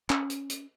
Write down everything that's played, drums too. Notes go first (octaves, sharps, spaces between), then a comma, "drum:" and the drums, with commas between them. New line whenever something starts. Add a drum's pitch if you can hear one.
C#4, drum: clap
drum: hi-hat
drum: hi-hat